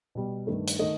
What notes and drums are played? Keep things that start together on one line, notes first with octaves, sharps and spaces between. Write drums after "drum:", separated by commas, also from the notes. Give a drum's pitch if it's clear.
B2 G3
G2 D#3 A3
drum: hi-hat
D#3 A3 D#5